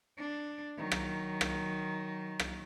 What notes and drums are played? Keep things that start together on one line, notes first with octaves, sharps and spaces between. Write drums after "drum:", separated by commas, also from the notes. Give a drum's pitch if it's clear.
D4
D#3 F#3
drum: rim click
drum: rim click
drum: rim click